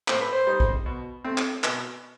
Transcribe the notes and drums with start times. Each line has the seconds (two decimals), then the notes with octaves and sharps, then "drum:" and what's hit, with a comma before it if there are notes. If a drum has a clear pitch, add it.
0.08 A2 C5, drum: clap
0.20 B4
0.32 C5
0.47 G3 D#4
0.60 drum: kick
0.86 B2
1.25 A3 C4
1.38 drum: clap
1.64 B2 B4, drum: clap